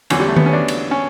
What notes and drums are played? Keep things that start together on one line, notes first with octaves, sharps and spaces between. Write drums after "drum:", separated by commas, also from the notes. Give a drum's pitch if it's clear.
E2 D3 F#3 C#4, drum: cymbal
G3
A3
B3, drum: tom D#3
C#4
D4
drum: cymbal
C#4